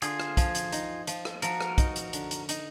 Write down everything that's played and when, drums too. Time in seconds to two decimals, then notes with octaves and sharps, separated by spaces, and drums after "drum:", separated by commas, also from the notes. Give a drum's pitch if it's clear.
0.02 D3 F4 G#4, drum: hi-hat
0.20 drum: rim click
0.37 F3, drum: kick, hi-hat
0.55 drum: hi-hat
0.72 D#4, drum: hi-hat
1.07 F3, drum: hi-hat
1.25 drum: rim click
1.42 F3 F#4 A#4, drum: hi-hat
1.61 drum: rim click
1.78 D#4, drum: kick, hi-hat
1.96 drum: hi-hat
2.13 D3, drum: hi-hat
2.31 drum: hi-hat
2.49 D#4, drum: hi-hat